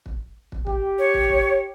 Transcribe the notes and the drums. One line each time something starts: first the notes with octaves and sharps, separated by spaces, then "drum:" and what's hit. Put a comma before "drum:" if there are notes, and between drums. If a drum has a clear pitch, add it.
drum: kick
drum: kick
G4, drum: kick
C#5
drum: kick
drum: kick